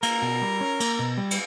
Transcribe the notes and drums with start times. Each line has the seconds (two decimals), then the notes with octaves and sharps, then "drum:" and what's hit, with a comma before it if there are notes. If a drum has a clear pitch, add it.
0.03 A#3 A#4, drum: cymbal
0.22 B2
0.42 G3
0.61 C#4
0.80 A#3, drum: cymbal
0.99 B2
1.18 G3
1.31 drum: cymbal